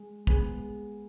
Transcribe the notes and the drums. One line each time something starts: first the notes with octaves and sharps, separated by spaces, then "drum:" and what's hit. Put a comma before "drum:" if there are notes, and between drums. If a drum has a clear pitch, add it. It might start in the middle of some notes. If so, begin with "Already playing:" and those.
Already playing: G#3 G#4
G#3 B3 G#4, drum: kick